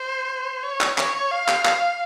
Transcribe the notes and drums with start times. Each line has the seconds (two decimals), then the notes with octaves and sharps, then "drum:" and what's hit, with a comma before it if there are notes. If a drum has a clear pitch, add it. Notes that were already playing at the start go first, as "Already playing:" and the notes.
Already playing: C5
0.64 C#5
0.81 drum: clap
0.98 C#5, drum: clap
1.31 F5
1.48 drum: clap
1.65 drum: clap